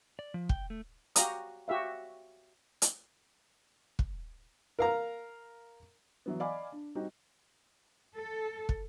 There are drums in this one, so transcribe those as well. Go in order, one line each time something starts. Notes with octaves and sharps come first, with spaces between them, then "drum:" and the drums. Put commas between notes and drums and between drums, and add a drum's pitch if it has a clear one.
D5
F3
G5, drum: kick
A3
F#4 G4 F5 A#5 D#6, drum: hi-hat
F#4 G4 E5 F5
drum: hi-hat
drum: kick
A#4 F5 A#5
E3 F#3 B3
D5 D#5 F5 G#5 B5 D6
D4
G3 C4 D#4 F#4 G4
A4
drum: kick